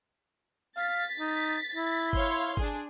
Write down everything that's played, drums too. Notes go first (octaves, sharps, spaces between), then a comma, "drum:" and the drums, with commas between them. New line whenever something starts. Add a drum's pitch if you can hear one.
F5 A6 B6
D#4
E4
C#5 F5 C6, drum: kick G1
D4 G#4, drum: kick G1